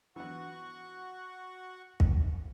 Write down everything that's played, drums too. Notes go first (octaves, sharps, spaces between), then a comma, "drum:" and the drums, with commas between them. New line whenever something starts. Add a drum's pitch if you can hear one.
E3 B3 F#4 F#5 C#6
drum: kick